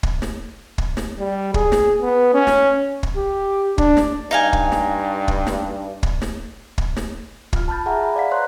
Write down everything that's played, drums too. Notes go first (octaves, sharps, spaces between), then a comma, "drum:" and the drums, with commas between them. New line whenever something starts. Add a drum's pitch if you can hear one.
drum: kick
drum: snare
drum: kick
drum: snare
G3
G#4, drum: kick
drum: snare
B3
C#4
drum: snare
drum: kick
G4
D4, drum: kick
drum: snare
G2 D#4 F5 G#5
drum: kick
drum: snare
drum: kick
drum: snare
drum: kick
drum: snare
drum: kick
drum: snare
F4 F6, drum: kick
A5 B5 F6 G6 A6
G#4 E5 F#5 G#5 A#5
B5
D5 F5 F#5 B6
B4 C#5 A#5 C6 F#6